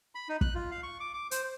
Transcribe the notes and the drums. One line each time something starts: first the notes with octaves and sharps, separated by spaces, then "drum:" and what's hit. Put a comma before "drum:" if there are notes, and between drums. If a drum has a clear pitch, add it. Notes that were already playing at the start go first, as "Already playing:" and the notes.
B5
D#4
F#6, drum: kick
F4
F5
C#6
D6
D6
C5, drum: hi-hat
C5